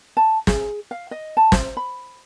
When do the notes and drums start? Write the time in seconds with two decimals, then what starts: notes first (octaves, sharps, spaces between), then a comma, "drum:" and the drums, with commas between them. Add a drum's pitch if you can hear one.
0.17 A5
0.47 G#4, drum: snare
0.91 F5
1.11 D#5
1.37 A5
1.52 C5, drum: snare
1.77 B5